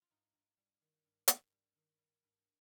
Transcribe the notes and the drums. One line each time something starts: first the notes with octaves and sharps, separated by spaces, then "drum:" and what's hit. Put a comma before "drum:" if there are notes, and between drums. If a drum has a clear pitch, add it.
F4
G2 D#4
G2
G3
D#3
G2
G2, drum: hi-hat
G3
D#3
G3
G2